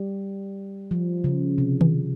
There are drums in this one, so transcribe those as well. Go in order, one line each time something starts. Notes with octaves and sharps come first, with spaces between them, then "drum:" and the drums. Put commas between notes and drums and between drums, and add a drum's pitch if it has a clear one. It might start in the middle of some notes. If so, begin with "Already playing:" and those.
Already playing: G3
F3
C#3
C3
drum: tom D#3